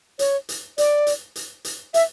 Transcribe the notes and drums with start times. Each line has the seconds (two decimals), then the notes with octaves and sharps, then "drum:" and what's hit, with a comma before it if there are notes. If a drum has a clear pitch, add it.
0.19 C#5, drum: hi-hat
0.49 drum: hi-hat
0.78 D5, drum: hi-hat
1.07 drum: hi-hat
1.36 drum: hi-hat
1.65 drum: hi-hat
1.94 E5, drum: hi-hat